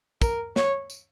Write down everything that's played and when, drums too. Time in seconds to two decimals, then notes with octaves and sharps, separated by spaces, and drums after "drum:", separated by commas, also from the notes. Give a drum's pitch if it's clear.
0.22 A#4, drum: kick, tambourine
0.56 C#5, drum: snare
0.90 drum: tambourine